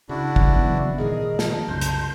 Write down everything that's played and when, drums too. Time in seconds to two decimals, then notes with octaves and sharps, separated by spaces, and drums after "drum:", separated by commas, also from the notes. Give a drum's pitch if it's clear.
0.09 C#3 D4 E4 F#4
0.36 drum: kick
0.55 E3 F#3 B3
0.98 A#2 D#3 G#3 G#4 A#4 D#5
1.39 A5, drum: snare
1.68 C2 F#2 C#3 C6 G6
1.81 drum: hi-hat